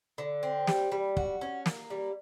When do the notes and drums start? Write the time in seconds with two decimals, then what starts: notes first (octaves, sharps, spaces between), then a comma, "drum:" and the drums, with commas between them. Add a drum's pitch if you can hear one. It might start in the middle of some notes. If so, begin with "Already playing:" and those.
0.18 D3
0.43 C4
0.67 G3, drum: snare
0.92 G3
1.17 F#4, drum: kick
1.41 C#4
1.66 A#3, drum: snare
1.90 G3